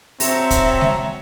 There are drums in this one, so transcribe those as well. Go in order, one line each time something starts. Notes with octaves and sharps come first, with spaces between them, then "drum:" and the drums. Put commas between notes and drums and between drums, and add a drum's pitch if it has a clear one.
C4 F#4 A4 C#5 E5 A#5, drum: open hi-hat
drum: kick, hi-hat
drum: snare G#3